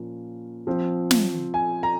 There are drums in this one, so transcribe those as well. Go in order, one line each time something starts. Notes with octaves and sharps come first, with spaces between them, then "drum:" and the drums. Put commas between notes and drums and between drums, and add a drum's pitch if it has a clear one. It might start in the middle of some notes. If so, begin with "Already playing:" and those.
Already playing: A#2 F3 A#3 C#4
F3 C4
drum: snare
G#5
A#5